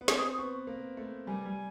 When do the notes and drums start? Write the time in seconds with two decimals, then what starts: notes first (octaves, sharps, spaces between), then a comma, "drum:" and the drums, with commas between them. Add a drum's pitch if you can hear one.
0.01 B3
0.08 C4 D#6, drum: snare
0.23 D#6
0.38 B3 C#6
0.67 A#3
0.97 A3
1.27 G3 G#5
1.46 G3